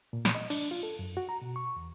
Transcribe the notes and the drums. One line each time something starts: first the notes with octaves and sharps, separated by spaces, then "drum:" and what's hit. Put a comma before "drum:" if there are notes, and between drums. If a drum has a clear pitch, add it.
A#2
drum: snare
D#5
D4, drum: cymbal
F4
A4
F#2
F#4
A#5
B2
C#6
E2